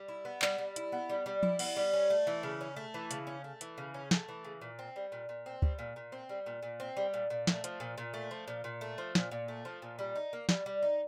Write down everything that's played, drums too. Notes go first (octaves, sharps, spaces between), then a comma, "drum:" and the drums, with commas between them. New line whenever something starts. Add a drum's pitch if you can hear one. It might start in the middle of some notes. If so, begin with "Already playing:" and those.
Already playing: G3
E4
B3
G3, drum: clap
G3
E4, drum: hi-hat
B3
G3
G3
E4, drum: tom F3
B3, drum: cymbal
G3
C#4
A3
E3
C#3
C#4
A3
E3
C#3, drum: hi-hat
C#4
A3
E3, drum: hi-hat
C#3
C#4
A3, drum: snare
E3
C#3
A#2
C4
G3
A#2
A#2
C4
G3, drum: kick
A#2
A#2
C4
G3
A#2
A#2
C4
G3
A#2
A#2
A3, drum: snare
F3, drum: hi-hat
A#2
A#2
A3
F3
A#2
A#2
A3
F3
A#2, drum: snare
A#2
A3
F3
A#2
G3
D#4
A#3
G3, drum: snare
G3
D#4